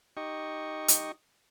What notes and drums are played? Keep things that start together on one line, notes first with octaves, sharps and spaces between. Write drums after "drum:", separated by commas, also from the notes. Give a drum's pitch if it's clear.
D#4 G4 D#5 C#6
drum: hi-hat